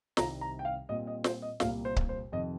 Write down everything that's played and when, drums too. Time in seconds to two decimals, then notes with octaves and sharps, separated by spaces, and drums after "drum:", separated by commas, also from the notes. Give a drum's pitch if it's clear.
0.17 C2 C3 D#3 G3 A#5, drum: snare
0.41 A#5
0.59 G5
0.65 F5
0.89 A#2 G3 C4 D#5
1.07 D#5
1.24 C5, drum: snare
1.42 D#5
1.60 C2 A#2 G3 A#3 F5, drum: snare
1.85 C5
1.96 drum: kick C#1
2.09 C5
2.32 F2 C3 D#3 C4 D#5